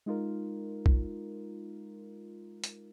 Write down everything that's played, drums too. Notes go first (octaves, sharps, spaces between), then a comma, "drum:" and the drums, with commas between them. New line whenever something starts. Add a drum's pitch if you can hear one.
G#3 D#4 F4 A#4
drum: kick B1
drum: hi-hat